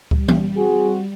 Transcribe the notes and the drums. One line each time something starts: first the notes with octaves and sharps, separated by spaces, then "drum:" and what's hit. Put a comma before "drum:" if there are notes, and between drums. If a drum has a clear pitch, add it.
G3, drum: kick C#2
drum: tom E3
C4 F#4 G#4